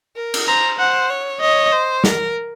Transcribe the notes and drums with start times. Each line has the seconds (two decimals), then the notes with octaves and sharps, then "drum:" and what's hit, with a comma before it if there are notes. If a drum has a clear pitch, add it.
0.16 A#4
0.34 drum: cymbal
0.48 C5 A#5
0.79 C5 F#5
1.10 C#5
1.41 C#5 D#5
1.72 C5
2.04 A#4, drum: snare